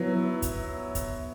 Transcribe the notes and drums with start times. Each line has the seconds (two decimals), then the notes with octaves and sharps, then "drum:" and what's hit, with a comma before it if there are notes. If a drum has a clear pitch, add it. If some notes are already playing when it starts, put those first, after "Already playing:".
Already playing: F#3 B3 E4
0.42 drum: kick, hi-hat
0.95 drum: kick, hi-hat